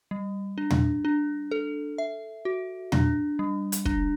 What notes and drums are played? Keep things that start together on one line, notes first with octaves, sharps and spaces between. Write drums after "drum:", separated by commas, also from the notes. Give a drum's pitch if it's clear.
G3
D4
drum: tom
D4
A4
E5
F#4
D4, drum: tom
G3
drum: hi-hat
D4, drum: kick